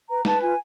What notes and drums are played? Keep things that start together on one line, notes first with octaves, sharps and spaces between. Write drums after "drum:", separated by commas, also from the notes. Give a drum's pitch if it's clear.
B4 A#5
B4 A5, drum: snare
F4 G#5